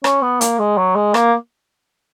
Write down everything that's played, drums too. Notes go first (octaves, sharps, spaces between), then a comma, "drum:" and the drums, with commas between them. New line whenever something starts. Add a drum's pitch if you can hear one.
C#4, drum: rim click
B3
A#3, drum: hi-hat
G#3
F#3
G#3
A#3, drum: rim click